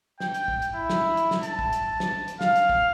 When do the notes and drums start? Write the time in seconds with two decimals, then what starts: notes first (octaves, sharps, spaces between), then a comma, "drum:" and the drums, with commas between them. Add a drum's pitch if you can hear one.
0.20 G5, drum: snare
0.34 drum: hi-hat
0.48 drum: kick
0.62 drum: hi-hat
0.75 E4
0.90 drum: snare
1.17 drum: hi-hat
1.31 drum: snare
1.43 A5, drum: hi-hat
1.59 drum: kick
1.73 drum: hi-hat
2.00 drum: snare
2.28 drum: hi-hat
2.41 F5, drum: snare
2.56 drum: hi-hat
2.69 drum: kick